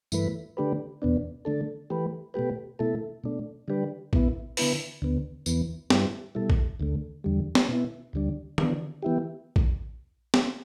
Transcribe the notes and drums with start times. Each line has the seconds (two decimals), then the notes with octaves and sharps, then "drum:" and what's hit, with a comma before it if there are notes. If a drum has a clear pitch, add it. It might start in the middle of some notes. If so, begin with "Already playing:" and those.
0.12 G2 E3 A3 E4 B4, drum: tambourine
0.57 D3 A3 D4 G4 B4
1.02 E2 B2 B3 D4
1.45 D3 A3 D4 A4
1.90 E3 A3 G4 B4
2.34 B2 A3 G4 B4
2.79 B2 A3 E4 A4
3.24 B2 A3 D4
3.68 D3 G3 D4 G4 B4
4.13 B2 B3 E4, drum: kick A#1
4.57 D3 B3 E4 B4, drum: open hi-hat
5.02 D2 D3 B3
5.46 E2 E3 B3, drum: tambourine
5.90 G2 G3 B3 E4 G4, drum: snare
6.35 B2 G3 E4 A4
6.50 drum: kick A#1
6.80 D2 D3 A3
7.24 E2 D3 G3
7.55 drum: snare
7.68 B2 B3 E4
8.13 D2 D3 G3 D4
8.58 E3 B3 D4, drum: tom
9.03 E3 B3 E4 G4
9.56 drum: kick A#1
10.34 drum: snare